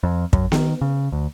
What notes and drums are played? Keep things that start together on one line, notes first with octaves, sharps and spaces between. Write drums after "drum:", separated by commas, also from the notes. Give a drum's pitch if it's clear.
F2
F#2, drum: kick
D#3, drum: snare B3
C#3
D2